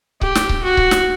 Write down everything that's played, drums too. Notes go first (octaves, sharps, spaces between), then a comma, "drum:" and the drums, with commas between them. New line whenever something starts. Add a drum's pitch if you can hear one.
G4, drum: kick C#1
drum: snare
drum: kick C#1
F#4
drum: kick C#1
drum: snare